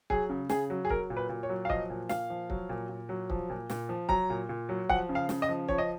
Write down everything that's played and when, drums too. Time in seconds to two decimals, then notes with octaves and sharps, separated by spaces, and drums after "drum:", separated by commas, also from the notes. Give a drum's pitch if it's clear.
0.10 F#3 G#4, drum: kick C#1
0.29 C#3
0.49 C#3 G#4, drum: snare
0.70 F#3
0.85 G#4
0.90 F#3 A#4, drum: kick C#1
1.10 A#2
1.17 B4
1.29 A#2
1.43 C#5
1.49 F#3
1.65 F5
1.69 F3 D#5, drum: kick C#1
1.90 A#2
2.09 A#2 F5, drum: snare
2.30 F3
2.50 F#3, drum: kick C#1
2.69 A#2
2.89 A#2
3.09 F#3
3.30 F3, drum: kick C#1
3.50 A#2
3.70 A#2, drum: snare
3.89 F3
4.09 F#3 A#5, drum: kick C#1
4.30 A#2
4.49 A#2
4.69 F#3
4.90 F3 F#5, drum: kick C#1
5.09 C#3
5.15 F5
5.29 C#3, drum: snare
5.42 D#5
5.49 F3
5.68 F3 C#5, drum: kick C#1
5.78 D#5